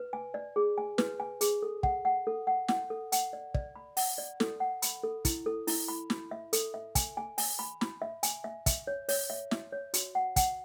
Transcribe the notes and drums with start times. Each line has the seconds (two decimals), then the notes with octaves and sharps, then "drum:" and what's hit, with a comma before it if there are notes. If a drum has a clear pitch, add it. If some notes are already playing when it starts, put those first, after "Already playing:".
Already playing: B4
0.13 G#5
0.34 D5
0.56 G#4
0.78 G#5
0.98 B4, drum: snare
1.20 G#5
1.41 G#4, drum: hi-hat
1.62 A4
1.83 F#5, drum: kick
2.05 F#5
2.27 A4
2.47 F#5
2.68 F#5, drum: snare
2.90 A4
3.12 F#5, drum: hi-hat
3.33 D5
3.54 D5, drum: kick
3.76 B5
3.97 F#5, drum: open hi-hat
4.18 D5
4.40 A4, drum: snare
4.60 F#5
4.82 B5, drum: hi-hat
5.03 A4
5.25 E4, drum: kick, hi-hat
5.46 A4
5.67 E4, drum: open hi-hat
5.88 B5
6.10 B5, drum: snare
6.31 E5
6.53 A4, drum: hi-hat
6.74 E5
6.95 G#5, drum: kick, hi-hat
7.17 G#5
7.38 G#5, drum: open hi-hat
7.59 B5
7.81 B5, drum: snare
8.02 E5
8.23 G#5, drum: hi-hat
8.44 E5
8.66 E5, drum: kick, hi-hat
8.87 C#5
9.09 C#5, drum: open hi-hat
9.30 E5
9.51 E5, drum: snare
9.72 C#5
9.94 F#4, drum: hi-hat
10.15 F#5
10.36 F#5, drum: kick, hi-hat